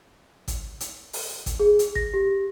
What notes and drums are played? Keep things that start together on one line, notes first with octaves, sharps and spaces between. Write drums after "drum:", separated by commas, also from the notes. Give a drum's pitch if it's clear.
drum: kick, hi-hat
drum: hi-hat
drum: open hi-hat
drum: kick, hi-hat
G#4
drum: hi-hat
A#6, drum: kick
G4